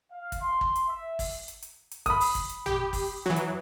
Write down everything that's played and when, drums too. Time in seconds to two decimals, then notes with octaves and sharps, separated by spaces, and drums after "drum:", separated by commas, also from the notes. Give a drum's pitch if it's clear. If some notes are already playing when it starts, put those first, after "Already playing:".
0.11 F5
0.32 drum: kick, hi-hat
0.41 C6
0.61 drum: kick
0.76 drum: hi-hat
0.88 E5
1.19 drum: kick, open hi-hat
1.48 drum: hi-hat
1.62 drum: hi-hat
1.91 drum: hi-hat
2.06 B5 D#6, drum: kick, hi-hat
2.20 drum: open hi-hat
2.35 drum: kick, hi-hat
2.49 drum: hi-hat
2.66 G4, drum: tom
2.93 drum: kick, open hi-hat
3.26 E3 F#3
3.36 drum: hi-hat